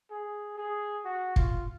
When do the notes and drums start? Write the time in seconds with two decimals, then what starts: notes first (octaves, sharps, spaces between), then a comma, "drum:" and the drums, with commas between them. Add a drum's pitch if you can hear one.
0.10 G#4
0.57 G#4
1.05 F#4
1.36 F4, drum: kick